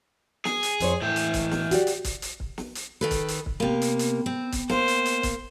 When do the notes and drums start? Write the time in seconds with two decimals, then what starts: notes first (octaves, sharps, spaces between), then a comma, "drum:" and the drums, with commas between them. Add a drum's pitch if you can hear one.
0.45 G#4, drum: snare
0.63 drum: hi-hat
0.80 F2 C5 C#5, drum: hi-hat
1.02 A2 E3 G5
1.16 drum: hi-hat
1.34 drum: kick, hi-hat
1.51 drum: snare
1.71 F#4 G4 D5, drum: hi-hat
1.87 drum: hi-hat
2.04 drum: kick, hi-hat
2.22 drum: hi-hat
2.40 drum: kick
2.58 drum: snare
2.75 drum: hi-hat
3.01 D#3 A4 B4
3.11 drum: kick, hi-hat
3.28 drum: hi-hat
3.46 drum: kick
3.60 C3 A#3 B3 G5
3.82 drum: hi-hat
3.99 drum: hi-hat
4.26 C4
4.52 drum: kick, hi-hat
4.69 A#3 C5, drum: snare
4.88 drum: hi-hat
5.06 drum: hi-hat
5.23 drum: kick, hi-hat